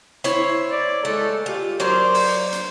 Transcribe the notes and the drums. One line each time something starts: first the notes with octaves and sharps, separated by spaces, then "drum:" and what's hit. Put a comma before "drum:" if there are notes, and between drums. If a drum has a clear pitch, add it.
E4 C5 C#5, drum: hi-hat
D5
G#3 A3 A4
F4 G4
F#3 A#4 C5 D5
drum: open hi-hat
drum: hi-hat